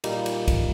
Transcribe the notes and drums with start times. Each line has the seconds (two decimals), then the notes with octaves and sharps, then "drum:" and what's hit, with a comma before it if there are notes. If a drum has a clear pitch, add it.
0.04 A#2 G3 A#3 D#4, drum: cymbal
0.26 drum: cymbal
0.48 drum: kick, cymbal